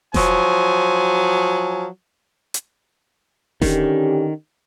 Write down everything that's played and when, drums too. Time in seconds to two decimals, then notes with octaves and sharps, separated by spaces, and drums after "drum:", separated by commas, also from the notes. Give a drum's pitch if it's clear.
0.14 F3 F#3 G#5, drum: snare E1
2.54 drum: hi-hat
3.62 D3 D#3 C#4 G4, drum: snare E1